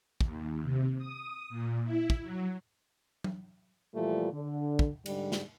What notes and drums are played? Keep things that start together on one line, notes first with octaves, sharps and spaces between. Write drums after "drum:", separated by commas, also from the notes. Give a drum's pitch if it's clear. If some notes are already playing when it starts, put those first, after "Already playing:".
D#2, drum: kick
C3
D#6
A#2
E4
drum: kick
F#3
drum: tom F#3
A#2 E3 F3 G3 A3 F4
D3
drum: kick
G#2 D3 G3, drum: cymbal
drum: snare